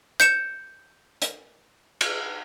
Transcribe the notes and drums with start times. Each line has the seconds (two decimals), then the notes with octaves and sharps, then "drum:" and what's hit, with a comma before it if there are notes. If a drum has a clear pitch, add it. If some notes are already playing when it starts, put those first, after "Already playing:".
0.20 G6 C#7 E7, drum: hi-hat
1.22 drum: hi-hat
2.01 drum: cymbal